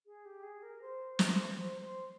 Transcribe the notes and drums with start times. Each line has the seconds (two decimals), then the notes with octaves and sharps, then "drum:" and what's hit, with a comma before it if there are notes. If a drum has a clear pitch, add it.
0.07 G#4
0.25 G4
0.43 G#4
0.62 A#4
0.82 C5
1.19 drum: snare
1.57 C5
1.81 C5